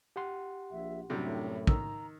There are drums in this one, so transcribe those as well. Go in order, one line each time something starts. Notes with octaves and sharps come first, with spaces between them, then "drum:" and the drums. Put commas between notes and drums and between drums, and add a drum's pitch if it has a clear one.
G4 F#5 C6
A#1 E5
F#2 A2 C3 F#3 G3 D4
D#3 A#5 E6, drum: kick